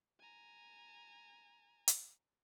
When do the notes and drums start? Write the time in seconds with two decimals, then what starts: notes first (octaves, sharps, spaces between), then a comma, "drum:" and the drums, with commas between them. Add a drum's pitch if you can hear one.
0.20 G#5 A#5
1.88 drum: hi-hat